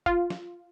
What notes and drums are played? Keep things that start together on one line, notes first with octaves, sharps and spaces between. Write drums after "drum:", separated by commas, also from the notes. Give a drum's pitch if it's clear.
F4, drum: kick
drum: snare